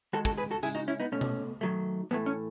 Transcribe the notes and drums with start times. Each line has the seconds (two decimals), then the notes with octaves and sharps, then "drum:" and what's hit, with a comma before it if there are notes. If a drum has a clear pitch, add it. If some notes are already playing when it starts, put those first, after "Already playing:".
0.13 D#3 G#3 F#4 A4
0.25 F#4 A4, drum: kick
0.37 G#4 B4
0.51 F#4 A4
0.63 C#3 G#3 E4 G#4, drum: tambourine
0.75 D#4 F#4
0.88 C#4 E4
1.00 B3 D#4
1.12 B2 A3 C#4
1.21 drum: tom B2
1.61 D#3 F#3 A3
2.11 A2 E3 A3 B3
2.26 C#4